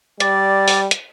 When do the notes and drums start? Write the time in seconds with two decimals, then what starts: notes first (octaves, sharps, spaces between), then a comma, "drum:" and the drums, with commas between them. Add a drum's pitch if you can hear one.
0.20 G3 D5, drum: hi-hat
0.68 drum: open hi-hat
0.91 drum: hi-hat